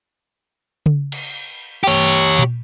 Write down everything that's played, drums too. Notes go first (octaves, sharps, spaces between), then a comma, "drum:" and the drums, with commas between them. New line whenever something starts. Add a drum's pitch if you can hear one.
drum: tom C#3
drum: cymbal
G4 C#5
drum: open hi-hat
drum: tom A#2